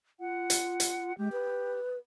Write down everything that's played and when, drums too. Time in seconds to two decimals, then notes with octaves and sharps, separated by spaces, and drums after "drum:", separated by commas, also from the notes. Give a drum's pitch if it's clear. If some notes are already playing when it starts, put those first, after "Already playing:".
0.20 F4 F#5
0.50 drum: hi-hat
0.80 drum: hi-hat
1.18 G#3 G4
1.32 B4